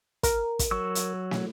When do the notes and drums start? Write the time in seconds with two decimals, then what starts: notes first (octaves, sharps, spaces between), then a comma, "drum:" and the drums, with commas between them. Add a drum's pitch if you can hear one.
0.23 A#4, drum: kick, hi-hat
0.59 drum: kick, hi-hat
0.71 F#3 C#6 E6
0.95 drum: hi-hat
1.31 drum: snare